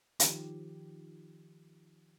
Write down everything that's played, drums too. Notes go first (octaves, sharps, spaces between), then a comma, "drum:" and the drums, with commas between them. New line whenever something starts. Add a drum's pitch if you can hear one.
D#3 F3 G4, drum: hi-hat